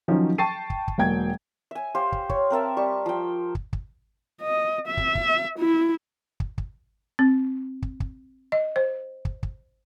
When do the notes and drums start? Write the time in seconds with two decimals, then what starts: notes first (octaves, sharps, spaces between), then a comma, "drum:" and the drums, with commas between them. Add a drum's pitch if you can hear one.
0.08 D#3 F3 F#3 C#4
0.38 G5 A5 C#6 A6 C7 D#7
0.70 drum: kick
0.88 drum: kick
0.98 E1 F#3 A#3 G5 G#6
1.71 E5 G#5
1.95 G4 C5 F5
2.12 drum: kick
2.29 C#5, drum: kick
2.50 C4 A#4 E5 A5
2.77 G3 C#6
3.06 F3 G5
3.55 drum: kick
3.73 drum: kick
4.42 D#5
4.87 E5
4.97 drum: kick
5.15 drum: kick
5.59 E4
6.40 drum: kick
6.58 drum: kick
7.19 C4
7.82 drum: kick
8.00 drum: kick
8.52 D#5
8.76 C5
9.25 drum: kick
9.43 drum: kick